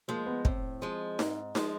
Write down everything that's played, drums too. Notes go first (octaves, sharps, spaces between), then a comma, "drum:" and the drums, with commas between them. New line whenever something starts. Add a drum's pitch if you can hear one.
F3 G#3 A#3
B3
A2 C4, drum: kick
F3 G#3
G#2, drum: snare D#4
F3 G#3, drum: snare D#4